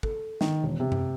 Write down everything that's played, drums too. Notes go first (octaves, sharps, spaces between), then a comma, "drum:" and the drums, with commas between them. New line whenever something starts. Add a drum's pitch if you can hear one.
A4, drum: kick
D#3, drum: snare
E1
C3
drum: tom F#2